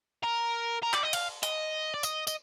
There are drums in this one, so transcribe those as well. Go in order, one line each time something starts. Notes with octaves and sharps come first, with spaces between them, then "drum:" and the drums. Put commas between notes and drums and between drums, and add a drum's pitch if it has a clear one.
A#4
A#4
D5, drum: clap
D#5
F5, drum: cymbal
D#5, drum: hi-hat
D5
D#5, drum: tambourine
D#5, drum: tambourine